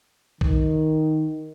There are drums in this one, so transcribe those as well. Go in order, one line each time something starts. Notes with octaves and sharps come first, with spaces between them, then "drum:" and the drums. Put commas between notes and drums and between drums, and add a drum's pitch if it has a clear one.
D#3, drum: kick A#1